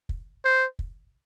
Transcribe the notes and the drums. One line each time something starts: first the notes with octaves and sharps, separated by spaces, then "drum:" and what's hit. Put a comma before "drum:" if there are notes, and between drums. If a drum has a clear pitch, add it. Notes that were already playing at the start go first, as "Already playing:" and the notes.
drum: kick
C5
drum: kick